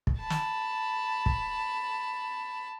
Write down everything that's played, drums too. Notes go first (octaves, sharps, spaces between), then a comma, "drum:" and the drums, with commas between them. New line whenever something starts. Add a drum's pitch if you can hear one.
drum: kick
A5 B5
drum: snare
drum: kick